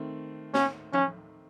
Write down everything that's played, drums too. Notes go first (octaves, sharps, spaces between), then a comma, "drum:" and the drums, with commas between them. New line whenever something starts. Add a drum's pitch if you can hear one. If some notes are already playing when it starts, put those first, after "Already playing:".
Already playing: D#3 A3 C4
C#4, drum: snare
C#4, drum: tom F3